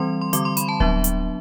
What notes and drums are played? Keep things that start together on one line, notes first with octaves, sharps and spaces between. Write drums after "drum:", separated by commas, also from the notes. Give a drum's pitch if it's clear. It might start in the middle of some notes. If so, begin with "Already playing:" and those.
Already playing: E3 G3 C4 C6
C6
D3 G3 C4 D6, drum: hi-hat
C6
B5, drum: hi-hat
A5
F#3 B3 D4 E5, drum: kick D1
drum: hi-hat